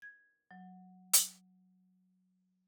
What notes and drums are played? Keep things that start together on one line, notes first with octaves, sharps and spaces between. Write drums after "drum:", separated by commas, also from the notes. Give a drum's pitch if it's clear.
G#6
F#3
drum: hi-hat